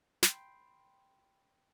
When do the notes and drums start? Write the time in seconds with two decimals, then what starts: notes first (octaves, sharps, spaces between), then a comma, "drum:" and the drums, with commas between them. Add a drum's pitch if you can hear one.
0.23 G5 B5 C6, drum: snare